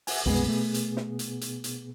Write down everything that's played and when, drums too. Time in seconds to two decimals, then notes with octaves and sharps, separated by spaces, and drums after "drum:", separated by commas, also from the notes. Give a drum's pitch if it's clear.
0.07 E5 F#5 G#5, drum: open hi-hat
0.26 C2 F#2 B2 G#3 B3 G#4
0.48 A3
0.74 drum: hi-hat
0.97 drum: snare
1.19 drum: hi-hat
1.41 drum: hi-hat
1.64 drum: hi-hat